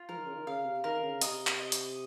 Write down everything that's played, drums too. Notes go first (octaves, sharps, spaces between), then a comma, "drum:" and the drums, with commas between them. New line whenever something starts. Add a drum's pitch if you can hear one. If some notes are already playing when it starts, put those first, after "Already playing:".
Already playing: F4
F3 A#4
D#3
C#3
D#3
C#3 F5
C3
D#3 A#4
C#3
C3 D#5, drum: hi-hat
drum: clap
D#5
drum: hi-hat